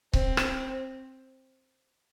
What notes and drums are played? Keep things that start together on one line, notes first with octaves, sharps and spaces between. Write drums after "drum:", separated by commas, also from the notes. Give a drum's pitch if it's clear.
C4, drum: kick C#1
drum: rim click